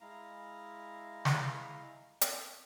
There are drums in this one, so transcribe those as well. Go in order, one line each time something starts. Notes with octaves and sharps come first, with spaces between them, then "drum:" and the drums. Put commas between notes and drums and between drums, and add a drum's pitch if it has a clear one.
G#3 E4 F5 A#5
drum: snare
drum: hi-hat